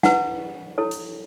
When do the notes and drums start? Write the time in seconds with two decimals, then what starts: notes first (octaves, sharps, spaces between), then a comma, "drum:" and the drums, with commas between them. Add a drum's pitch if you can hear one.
0.03 E4 B4 F#5, drum: snare
0.78 E4 A4 C#5
0.91 drum: hi-hat